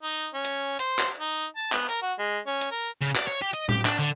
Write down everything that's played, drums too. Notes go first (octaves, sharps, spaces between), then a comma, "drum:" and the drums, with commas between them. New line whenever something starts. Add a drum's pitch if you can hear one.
D#4
C#4
drum: hi-hat
C5, drum: hi-hat
drum: clap
D#4
A5
B3, drum: clap
A#4, drum: hi-hat
F#4
G#3
C#4
drum: hi-hat
A#4
C#3
D5, drum: clap
C#5
G4
D#5
G4, drum: tom A2
D4, drum: clap
D3